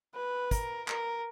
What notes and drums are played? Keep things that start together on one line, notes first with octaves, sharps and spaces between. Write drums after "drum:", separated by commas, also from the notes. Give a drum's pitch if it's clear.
B4
A#4, drum: kick, hi-hat
A#4, drum: clap